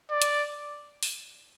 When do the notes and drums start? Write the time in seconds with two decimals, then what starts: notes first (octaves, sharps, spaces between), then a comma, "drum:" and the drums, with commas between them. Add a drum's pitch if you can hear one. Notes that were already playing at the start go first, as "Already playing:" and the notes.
0.11 D5
0.22 drum: hi-hat
1.03 drum: open hi-hat